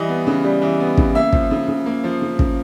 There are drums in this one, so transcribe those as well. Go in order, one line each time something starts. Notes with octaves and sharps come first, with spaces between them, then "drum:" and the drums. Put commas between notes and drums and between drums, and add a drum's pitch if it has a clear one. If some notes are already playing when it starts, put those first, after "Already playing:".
Already playing: E3 G3 D#5
B3
C#3
G3
E3
B3
C#3, drum: kick
A#3 E5
F3, drum: kick
C#3
C#3
A#3
F3
C#3
C#3, drum: kick